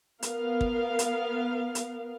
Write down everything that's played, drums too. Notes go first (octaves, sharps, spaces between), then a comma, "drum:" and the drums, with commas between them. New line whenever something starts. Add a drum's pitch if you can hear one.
B3 A#4 F5, drum: hi-hat
drum: kick
drum: hi-hat
drum: hi-hat